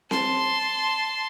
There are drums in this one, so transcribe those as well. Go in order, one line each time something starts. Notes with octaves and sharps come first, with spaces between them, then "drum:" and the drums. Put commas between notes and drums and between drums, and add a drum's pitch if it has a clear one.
A5 C6, drum: snare C4